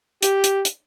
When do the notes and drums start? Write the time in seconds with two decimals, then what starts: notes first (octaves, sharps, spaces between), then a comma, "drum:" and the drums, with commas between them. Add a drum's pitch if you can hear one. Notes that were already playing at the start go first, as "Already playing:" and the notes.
0.23 G4, drum: hi-hat
0.44 drum: hi-hat
0.65 drum: hi-hat